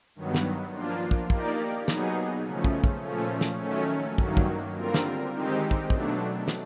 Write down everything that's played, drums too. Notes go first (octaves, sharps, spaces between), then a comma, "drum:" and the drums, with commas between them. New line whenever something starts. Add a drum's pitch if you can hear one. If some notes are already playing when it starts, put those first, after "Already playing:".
G2 D#3 F#3 B3
drum: snare
F3 A#3 D4 F4
drum: kick
A#3 D#4 G4 A#4 D5, drum: kick
B2 F#3 B3 D#4 G#4, drum: snare
C#3 F3 A3 C#4
drum: kick
drum: kick
A#2 F3 A3 C#4
drum: snare
D#3 F#3 A3 C#4
G2 D#3 F#3 A#3, drum: kick
drum: kick
D3 G3 C4 F4 A#4
drum: snare
D#3 G#3 C4 D#4 G4
drum: kick
B2 F#3 A3 D4, drum: kick
drum: snare